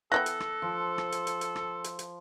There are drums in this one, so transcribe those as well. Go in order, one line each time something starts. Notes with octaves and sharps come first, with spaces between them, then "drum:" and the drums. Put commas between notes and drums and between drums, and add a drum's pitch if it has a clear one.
E3 B3 A4 G5 F#6 A#6
drum: hi-hat
drum: rim click
F3
drum: rim click
drum: hi-hat
drum: hi-hat
drum: hi-hat
drum: rim click
drum: hi-hat
drum: hi-hat